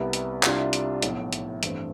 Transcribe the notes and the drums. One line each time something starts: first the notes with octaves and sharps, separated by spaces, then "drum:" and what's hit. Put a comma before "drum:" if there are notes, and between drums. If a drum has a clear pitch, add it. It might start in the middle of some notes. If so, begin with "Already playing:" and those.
Already playing: C2 C3 G3 B3
drum: hi-hat
C2 C3 G3 D4 F4, drum: clap
drum: hi-hat
B1 A2 F3, drum: hi-hat
drum: hi-hat
A1 G2 E3 A3 C4, drum: hi-hat